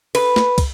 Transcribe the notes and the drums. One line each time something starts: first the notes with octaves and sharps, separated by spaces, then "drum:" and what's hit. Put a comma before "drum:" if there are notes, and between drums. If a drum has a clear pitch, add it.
B4, drum: cymbal
drum: snare
drum: kick, cymbal